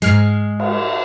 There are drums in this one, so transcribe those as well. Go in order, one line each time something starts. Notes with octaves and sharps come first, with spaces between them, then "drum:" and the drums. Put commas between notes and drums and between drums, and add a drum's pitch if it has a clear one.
G#2 G#3 F6 C7, drum: hi-hat
drum: cymbal